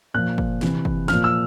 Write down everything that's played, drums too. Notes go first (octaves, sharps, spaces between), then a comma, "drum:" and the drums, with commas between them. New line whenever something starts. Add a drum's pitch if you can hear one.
A#2 F3 F#6
drum: kick
C3 E3, drum: snare
drum: kick
A#2 F3 F6, drum: snare
E6